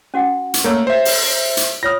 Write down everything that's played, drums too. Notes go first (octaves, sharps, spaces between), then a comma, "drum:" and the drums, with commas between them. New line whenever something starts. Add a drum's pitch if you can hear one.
C#4 F#4 F#5
drum: hi-hat
A3 A#3 A#4 C#5 E6
C5 E5
drum: open hi-hat
drum: hi-hat
F4 C#5 D#6 F6 A#6